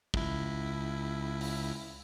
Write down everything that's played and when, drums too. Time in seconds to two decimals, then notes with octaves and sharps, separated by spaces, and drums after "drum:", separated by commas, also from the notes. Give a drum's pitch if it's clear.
0.14 C#2 E4, drum: kick
1.41 drum: open hi-hat